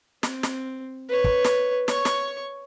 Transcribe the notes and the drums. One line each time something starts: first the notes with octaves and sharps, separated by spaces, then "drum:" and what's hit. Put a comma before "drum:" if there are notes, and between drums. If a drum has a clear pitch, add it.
C4, drum: snare
drum: snare
B4 C#5
drum: kick
drum: snare
C#5 C#6, drum: snare
drum: snare